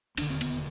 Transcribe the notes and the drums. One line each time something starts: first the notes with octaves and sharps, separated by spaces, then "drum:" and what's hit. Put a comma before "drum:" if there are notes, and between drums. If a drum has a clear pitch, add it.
E1 D#2 D3 D4, drum: cymbal
C4
B3, drum: cymbal